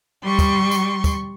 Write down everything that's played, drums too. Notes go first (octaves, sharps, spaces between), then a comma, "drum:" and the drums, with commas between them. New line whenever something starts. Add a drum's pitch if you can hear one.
G3 C6 C#6
drum: kick, tambourine
drum: tambourine
drum: kick, tambourine